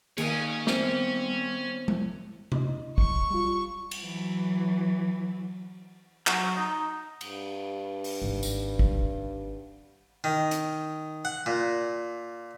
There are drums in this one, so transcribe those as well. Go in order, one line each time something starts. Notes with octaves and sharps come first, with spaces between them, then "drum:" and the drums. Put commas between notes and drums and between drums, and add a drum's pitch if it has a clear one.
D#3 A#3 G#4 C#5 G#5, drum: cymbal
G3 B3 C4 C5, drum: snare
drum: tom G#3
E4 D#5, drum: tom C3
C#6, drum: kick
G3 F4
drum: cymbal
E3 F#3
F#3, drum: clap
D#4
G2, drum: cymbal
drum: open hi-hat
G#1 D#3
drum: tambourine
drum: kick
D#3
drum: hi-hat
F#5
A#2